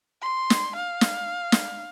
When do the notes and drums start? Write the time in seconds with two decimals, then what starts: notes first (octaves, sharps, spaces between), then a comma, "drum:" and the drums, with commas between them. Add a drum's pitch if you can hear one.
0.22 C6
0.50 drum: snare
0.76 F5
1.01 drum: snare
1.52 drum: snare